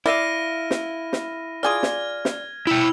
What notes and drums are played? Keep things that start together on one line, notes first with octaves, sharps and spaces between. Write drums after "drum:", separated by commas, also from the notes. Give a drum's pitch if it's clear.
E4 D5 E5 F5 F6 A#6 D#7
drum: snare
drum: snare
F4 G#4 D5 F6 G#6
drum: snare
drum: snare
E4 E5 G5 E6 F7